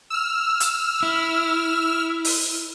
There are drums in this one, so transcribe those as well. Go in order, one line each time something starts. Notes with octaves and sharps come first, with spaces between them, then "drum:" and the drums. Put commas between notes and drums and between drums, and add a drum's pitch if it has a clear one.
E6 F6
drum: hi-hat
E4
drum: open hi-hat